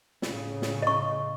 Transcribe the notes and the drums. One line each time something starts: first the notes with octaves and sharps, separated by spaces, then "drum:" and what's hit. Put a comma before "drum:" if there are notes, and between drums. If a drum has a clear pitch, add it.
A2 C#3, drum: snare
drum: snare
D#5 C#6